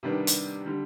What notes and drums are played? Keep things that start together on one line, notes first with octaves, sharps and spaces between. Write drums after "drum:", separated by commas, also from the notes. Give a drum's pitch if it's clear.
C3 D#3 G3 B3 D4
drum: hi-hat
D3 G3